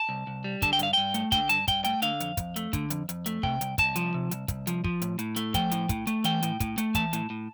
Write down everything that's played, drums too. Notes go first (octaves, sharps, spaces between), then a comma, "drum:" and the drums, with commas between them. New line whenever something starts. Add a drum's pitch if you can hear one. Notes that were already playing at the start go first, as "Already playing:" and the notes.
Already playing: A5
C2
C2
G3
D3 A5, drum: kick, hi-hat
G5
G2 F5, drum: hi-hat
G2 G5
A3, drum: hi-hat
D3 G5, drum: kick, hi-hat
G2 A5, drum: hi-hat
G2 G5, drum: kick, hi-hat
A3 G5, drum: hi-hat
D3 F5, drum: hi-hat
F2, drum: hi-hat
F2, drum: kick, hi-hat
A3, drum: hi-hat
D3, drum: kick, hi-hat
F2, drum: hi-hat
F2, drum: hi-hat
A3, drum: hi-hat
C3 G5, drum: kick
C2, drum: hi-hat
C2 A5, drum: kick, hi-hat
F3, drum: hi-hat
C3
C2, drum: hi-hat
C2, drum: kick, hi-hat
F3, drum: hi-hat
F3, drum: kick
A2, drum: hi-hat
A2, drum: hi-hat
A3, drum: hi-hat
F3 G5, drum: kick, hi-hat
A2, drum: hi-hat
A2, drum: kick, hi-hat
A3, drum: hi-hat
E3 G5, drum: hi-hat
A2, drum: hi-hat
A2, drum: kick, hi-hat
A3, drum: hi-hat
E3 A5, drum: kick, hi-hat
A2, drum: hi-hat
A2